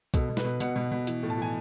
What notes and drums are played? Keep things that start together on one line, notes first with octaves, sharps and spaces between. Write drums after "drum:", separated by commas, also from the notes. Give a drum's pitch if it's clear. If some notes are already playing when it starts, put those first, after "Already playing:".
B2 A4, drum: kick, hi-hat
B2
B4, drum: snare
B2
B2 F#5, drum: hi-hat
B2
B2
E3, drum: hi-hat
A2
A5
E3 G#5